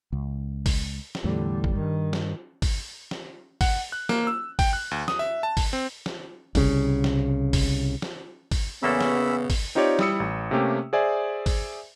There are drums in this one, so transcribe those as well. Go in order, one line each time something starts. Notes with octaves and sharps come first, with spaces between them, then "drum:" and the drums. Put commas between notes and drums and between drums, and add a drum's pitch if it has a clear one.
C#2
drum: kick, open hi-hat
drum: snare
E2 A2 D3 G3
drum: kick
G2 D#3
drum: snare
drum: kick, open hi-hat
drum: snare
F#5, drum: kick, open hi-hat
F#6
A#3, drum: snare
E6
G5, drum: kick, open hi-hat
F#6
D2
D#6, drum: snare
E5
A5
drum: kick, open hi-hat
C4
drum: snare
C2 C#3, drum: kick, open hi-hat
drum: snare
drum: kick, open hi-hat
drum: snare
drum: kick, open hi-hat
E2 C#3 A#3 B3 C#4 A4 B5 E6
drum: snare
drum: kick, open hi-hat
C4 D#4 F4 G4 C#5 D5
G3 E4 D#6 E6 C#7, drum: snare
A1
C3 A3 A#3 C#4 G4
G#4 C5 D5 E5 G#5
drum: kick, open hi-hat